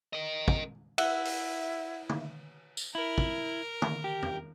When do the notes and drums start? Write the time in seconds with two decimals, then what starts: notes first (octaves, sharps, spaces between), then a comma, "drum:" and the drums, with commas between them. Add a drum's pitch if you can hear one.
0.13 A#4 D#5
0.48 drum: kick
0.98 E4 E5 F#5, drum: cymbal
1.25 drum: open hi-hat
2.09 drum: tom D3
2.77 drum: tambourine
2.95 E4 A#4
3.18 drum: kick
3.82 drum: tom D3
4.04 G4
4.22 drum: tom E2